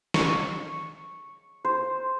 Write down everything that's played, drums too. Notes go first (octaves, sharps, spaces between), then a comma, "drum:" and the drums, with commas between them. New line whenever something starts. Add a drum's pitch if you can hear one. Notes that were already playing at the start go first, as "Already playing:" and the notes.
C#6, drum: snare
C5